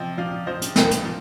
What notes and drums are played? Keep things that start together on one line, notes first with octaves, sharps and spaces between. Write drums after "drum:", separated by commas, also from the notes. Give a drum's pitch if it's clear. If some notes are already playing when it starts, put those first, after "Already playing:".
Already playing: C3 F3 D#5 G5
F3 D5 F5
F3 C5 D#5
drum: hi-hat
F3 D#5 G5, drum: snare
drum: hi-hat
F3